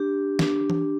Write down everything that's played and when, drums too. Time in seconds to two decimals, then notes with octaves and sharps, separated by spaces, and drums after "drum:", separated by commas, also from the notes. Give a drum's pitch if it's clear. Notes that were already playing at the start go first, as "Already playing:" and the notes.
Already playing: D4 G4
0.39 D4, drum: snare
0.70 drum: tom E3